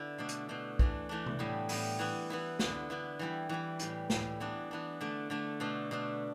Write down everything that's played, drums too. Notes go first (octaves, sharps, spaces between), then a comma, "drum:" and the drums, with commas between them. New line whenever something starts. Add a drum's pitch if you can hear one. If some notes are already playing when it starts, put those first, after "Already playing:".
Already playing: D3 B3 E4
B2 A3 D4
drum: hi-hat
B2 A3 D4
E3 A3 D4, drum: kick
E3 A3 D4
drum: tom
A2 G3 B3 E4
A2 G3 B3 E4, drum: open hi-hat
E3 B3 E4
E3 B3 E4
D3 B3 E4, drum: snare
D3 B3 E4
E3 G3 E4
E3 G3 E4
A2 G3 E4, drum: hi-hat
A2 G3 E4, drum: snare
E3 B3 D4
E3 B3 D4
D3 A3 D4
D3 A3 D4
B2 A3 D4
B2 A3 D4